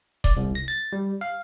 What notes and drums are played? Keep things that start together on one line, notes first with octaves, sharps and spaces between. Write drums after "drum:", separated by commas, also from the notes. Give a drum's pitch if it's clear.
D5, drum: kick D#1
C2
A#6
A6
G3
F5